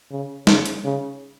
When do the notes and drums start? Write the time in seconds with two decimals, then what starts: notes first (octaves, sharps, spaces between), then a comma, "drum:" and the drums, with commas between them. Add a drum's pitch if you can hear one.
0.11 C#3
0.47 C#3, drum: snare
0.66 drum: hi-hat
0.85 C#3